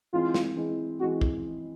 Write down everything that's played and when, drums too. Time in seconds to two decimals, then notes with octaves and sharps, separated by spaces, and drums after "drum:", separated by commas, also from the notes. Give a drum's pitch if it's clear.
0.13 E3 G#3 C4 F4
0.34 drum: snare
0.56 E3 G#3 C4
0.99 E3 G#3 C4 F#4
1.21 drum: kick